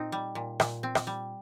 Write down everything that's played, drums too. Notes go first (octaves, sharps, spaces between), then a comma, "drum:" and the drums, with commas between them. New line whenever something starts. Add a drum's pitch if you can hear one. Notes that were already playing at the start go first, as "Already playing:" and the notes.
Already playing: A#2 C4 D#4
G3
A#2
A#2, drum: rim click
C4
drum: rim click
G3